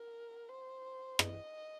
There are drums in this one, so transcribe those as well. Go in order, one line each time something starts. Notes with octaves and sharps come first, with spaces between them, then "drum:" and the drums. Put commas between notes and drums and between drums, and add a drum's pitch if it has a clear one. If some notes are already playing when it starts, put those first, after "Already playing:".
Already playing: A#4
C5
D#5, drum: rim click